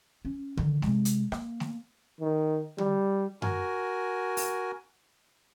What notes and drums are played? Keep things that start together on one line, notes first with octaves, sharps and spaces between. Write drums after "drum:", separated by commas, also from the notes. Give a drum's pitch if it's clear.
C#4
D3 D#3, drum: tom D3
C3 G#3, drum: snare A3
drum: hi-hat
A#3, drum: rim click
drum: snare A3
D#3
G3, drum: tom D3
F#4 A#4 G#5, drum: tom F#2
drum: open hi-hat